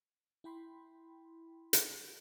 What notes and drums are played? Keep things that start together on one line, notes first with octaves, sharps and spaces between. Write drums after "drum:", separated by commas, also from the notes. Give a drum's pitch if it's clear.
E4 G5 B5 C6
drum: hi-hat